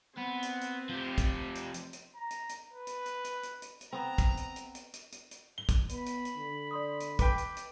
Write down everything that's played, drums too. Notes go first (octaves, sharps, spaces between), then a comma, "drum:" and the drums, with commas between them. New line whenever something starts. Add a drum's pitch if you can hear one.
B3 C4
drum: hi-hat
drum: hi-hat
F3 G4
drum: kick, hi-hat
drum: hi-hat
drum: hi-hat
drum: hi-hat
A#5
drum: hi-hat
drum: hi-hat
B4
drum: hi-hat
drum: hi-hat
drum: hi-hat
drum: hi-hat
drum: hi-hat
drum: hi-hat
B3 C4 A#5
drum: kick, hi-hat
drum: hi-hat
drum: hi-hat
drum: hi-hat
drum: hi-hat
drum: hi-hat
drum: hi-hat
G7
drum: kick, hi-hat
B3 B5, drum: hi-hat
drum: hi-hat
drum: hi-hat
D3
D5 C6 D#6
drum: hi-hat
B4 G5 D6 B6, drum: kick, hi-hat
drum: hi-hat
drum: hi-hat